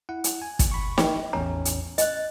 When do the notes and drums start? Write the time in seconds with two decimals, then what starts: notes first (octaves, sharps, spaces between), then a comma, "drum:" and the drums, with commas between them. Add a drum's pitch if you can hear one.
0.09 E4 F#5
0.24 drum: hi-hat
0.42 G#5
0.59 drum: kick, hi-hat
0.71 B5 C#6
0.98 G5, drum: snare
1.33 A1 E2 C#4 A#5
1.65 drum: hi-hat
1.98 D#5 F#6 A6, drum: hi-hat